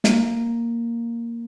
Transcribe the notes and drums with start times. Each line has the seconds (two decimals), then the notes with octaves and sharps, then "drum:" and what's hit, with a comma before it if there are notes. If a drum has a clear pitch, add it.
0.04 A#3, drum: snare